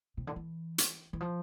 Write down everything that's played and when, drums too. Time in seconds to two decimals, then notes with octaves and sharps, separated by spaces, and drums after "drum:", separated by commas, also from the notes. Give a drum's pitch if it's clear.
0.17 C3
0.27 D3
0.36 E3
0.78 drum: hi-hat
1.13 E3
1.20 F3